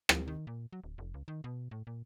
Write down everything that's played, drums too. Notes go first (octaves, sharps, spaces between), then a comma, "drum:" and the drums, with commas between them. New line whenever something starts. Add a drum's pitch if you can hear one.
F3, drum: rim click
D#3
A#2
F#3
D1
F1
C#2
D#3
B2
A2
A#2